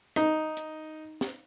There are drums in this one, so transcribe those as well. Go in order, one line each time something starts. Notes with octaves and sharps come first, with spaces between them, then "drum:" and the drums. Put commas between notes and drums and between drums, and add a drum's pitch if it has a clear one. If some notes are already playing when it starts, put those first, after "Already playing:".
D#4, drum: rim click
drum: hi-hat
drum: snare